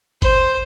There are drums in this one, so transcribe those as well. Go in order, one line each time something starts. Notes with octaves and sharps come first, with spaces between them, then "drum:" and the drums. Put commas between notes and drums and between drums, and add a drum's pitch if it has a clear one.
C5, drum: kick, hi-hat